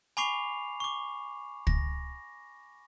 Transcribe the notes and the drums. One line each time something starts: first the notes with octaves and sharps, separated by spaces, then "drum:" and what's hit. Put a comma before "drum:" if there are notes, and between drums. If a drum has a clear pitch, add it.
G#5 B5 C#6 D6 C7 F7
C#6 D6
A#6, drum: kick